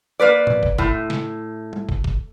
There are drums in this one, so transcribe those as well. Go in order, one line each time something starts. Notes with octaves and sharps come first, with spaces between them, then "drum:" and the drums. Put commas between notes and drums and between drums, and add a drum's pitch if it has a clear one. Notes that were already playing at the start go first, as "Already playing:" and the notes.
A#3 B4 D5
drum: tom A2
drum: kick
A2, drum: kick
drum: snare
drum: tom G3
drum: kick
drum: kick